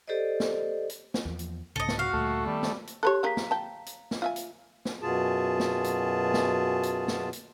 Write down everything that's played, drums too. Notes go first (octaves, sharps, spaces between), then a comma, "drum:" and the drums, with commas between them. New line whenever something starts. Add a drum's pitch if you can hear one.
G4 A4 C5 D5 D#5
drum: snare
drum: hi-hat
drum: snare
E2 F3
drum: hi-hat
C2 G#2 C#3 A4 D#5
drum: snare
F#4 F5
D2 A#2 G3 A3
D#3 G3 B3
drum: snare
drum: hi-hat
G4 A4 B4 C#5 C6 F#6
A#3 G4 G#4 F5 A#5 B6
drum: snare
G5 A5
drum: hi-hat
drum: snare
F4 E5 G#5
drum: hi-hat
drum: snare
F#2 B2 F4 G#4 A5
drum: snare
drum: hi-hat
drum: snare
drum: hi-hat
drum: snare
drum: hi-hat